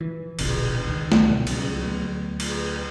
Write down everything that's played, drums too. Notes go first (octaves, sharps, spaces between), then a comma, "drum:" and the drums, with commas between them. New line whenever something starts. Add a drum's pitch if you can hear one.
E3
E1 A#1 B2 D3, drum: cymbal
C#2 D#3
drum: snare A3
B2 D3 F#3 B3
C#2 F#3 C#4, drum: cymbal
D2 F#3 B3
drum: cymbal